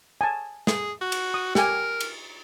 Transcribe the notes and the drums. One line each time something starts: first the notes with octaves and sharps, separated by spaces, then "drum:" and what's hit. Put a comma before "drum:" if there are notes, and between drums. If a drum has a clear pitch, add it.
G#5 A5
G#4, drum: snare
F#4
drum: cymbal
D#6
G4 A#4 G#5, drum: snare
drum: cymbal